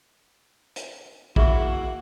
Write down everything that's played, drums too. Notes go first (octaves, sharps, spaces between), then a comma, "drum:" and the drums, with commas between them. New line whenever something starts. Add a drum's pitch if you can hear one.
drum: hi-hat
A#3 E4 F#4 G#4 E5 C#6, drum: kick A#1